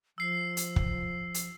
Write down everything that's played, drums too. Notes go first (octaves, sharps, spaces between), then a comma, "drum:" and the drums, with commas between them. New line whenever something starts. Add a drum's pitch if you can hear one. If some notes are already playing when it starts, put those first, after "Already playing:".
F3 E6 C7
drum: hi-hat
drum: kick
drum: hi-hat